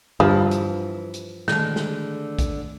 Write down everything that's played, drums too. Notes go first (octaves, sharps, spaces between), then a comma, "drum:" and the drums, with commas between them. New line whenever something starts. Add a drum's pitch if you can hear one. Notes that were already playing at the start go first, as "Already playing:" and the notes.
G2 E3 F3, drum: tom D3
drum: hi-hat
drum: hi-hat
D3 D#3 G#3 A3, drum: snare
drum: snare
drum: kick, hi-hat